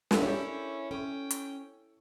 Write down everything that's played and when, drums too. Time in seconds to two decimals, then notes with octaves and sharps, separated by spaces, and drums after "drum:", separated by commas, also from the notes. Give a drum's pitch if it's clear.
0.11 drum: snare
0.22 C#4 D4 E4 G4 A4 A#4 C#5
0.91 C#4 A4 G5 C#6
1.31 drum: hi-hat